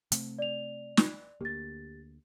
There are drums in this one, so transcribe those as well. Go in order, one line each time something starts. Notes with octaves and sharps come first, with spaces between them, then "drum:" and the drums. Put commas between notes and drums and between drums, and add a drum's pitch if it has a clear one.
C3 A3 C4, drum: hi-hat
D5 F7
drum: snare
D2 A#3 G4 A6